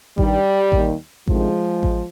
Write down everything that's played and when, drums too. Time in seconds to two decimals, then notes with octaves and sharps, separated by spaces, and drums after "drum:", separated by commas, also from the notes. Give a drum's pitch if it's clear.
0.18 G2 D#3 G3, drum: kick A1
0.72 D#2 D#3, drum: kick A1
1.28 D2 C3 D#3 F3 G#3, drum: kick A1
1.83 drum: kick A1